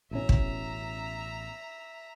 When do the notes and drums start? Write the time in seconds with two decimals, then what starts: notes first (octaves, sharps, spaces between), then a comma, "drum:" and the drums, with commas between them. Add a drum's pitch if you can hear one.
0.11 A1 B2 C#4 E5 A#5
0.29 drum: kick